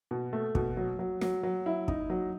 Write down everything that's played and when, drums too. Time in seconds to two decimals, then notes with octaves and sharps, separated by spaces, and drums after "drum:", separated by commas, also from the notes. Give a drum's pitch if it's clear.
0.11 B2
0.33 A3
0.55 B2, drum: kick
0.77 F#3
0.99 F#3
1.21 F#3, drum: snare
1.43 F#3
1.66 E4
1.88 D#4, drum: kick
2.10 F#3